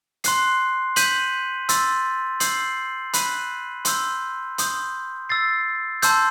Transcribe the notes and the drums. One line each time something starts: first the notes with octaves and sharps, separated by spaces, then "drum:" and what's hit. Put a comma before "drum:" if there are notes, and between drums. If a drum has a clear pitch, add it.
C6 F#6 C7, drum: hi-hat
G6 B6 D#7 F#7, drum: hi-hat
C6 E6 A6, drum: hi-hat
E6 G6 C7 F#7, drum: hi-hat
B5 F#6 B6 D#7 F#7, drum: hi-hat
C6 E6 G6, drum: hi-hat
C6 D#6 G6, drum: hi-hat
E6 A6 C7
A5 C6 E6 G6, drum: hi-hat